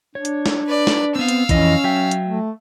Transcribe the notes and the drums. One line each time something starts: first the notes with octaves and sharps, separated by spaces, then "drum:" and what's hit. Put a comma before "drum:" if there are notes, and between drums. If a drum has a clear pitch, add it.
D4 C#5
drum: hi-hat
drum: snare
B4 D5
drum: snare
B3 C4 F5 E6
drum: hi-hat
F2 E3 C#4 D#5, drum: kick A#1, hi-hat
F#3 E5 G5
drum: hi-hat
A3